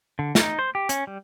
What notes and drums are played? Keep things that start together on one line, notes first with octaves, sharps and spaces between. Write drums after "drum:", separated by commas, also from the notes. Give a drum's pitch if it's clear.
D3
D#4, drum: snare
C5
G4
C#4, drum: hi-hat
G3